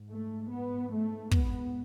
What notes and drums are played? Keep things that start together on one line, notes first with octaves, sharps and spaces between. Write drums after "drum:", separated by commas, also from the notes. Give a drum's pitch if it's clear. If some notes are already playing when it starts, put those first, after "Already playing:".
Already playing: G#2
A3
B3
A3
B3, drum: kick